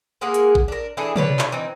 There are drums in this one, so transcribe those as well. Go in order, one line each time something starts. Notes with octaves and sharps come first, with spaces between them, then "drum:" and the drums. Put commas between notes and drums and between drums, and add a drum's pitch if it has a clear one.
G#3 A#3 G#4 F#5
drum: hi-hat
drum: kick A1
D4 A#4
E3 A3 D4 G#4
B2 D4 B4 C#5, drum: tom
drum: clap
E3 C4 D#4